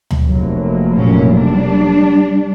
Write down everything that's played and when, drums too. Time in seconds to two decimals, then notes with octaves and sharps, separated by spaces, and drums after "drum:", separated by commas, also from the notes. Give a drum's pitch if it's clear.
0.10 drum: tom D2
0.24 F1 F#3 A#3
0.94 A#2 C#4
1.32 G3 D4